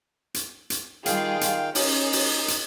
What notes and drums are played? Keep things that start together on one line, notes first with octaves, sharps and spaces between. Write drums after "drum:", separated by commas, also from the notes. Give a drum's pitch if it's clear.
drum: hi-hat
drum: hi-hat
D#3 G3 F4 G#4 F5 G5, drum: hi-hat
drum: hi-hat
C#4 D#4, drum: open hi-hat
drum: open hi-hat
drum: hi-hat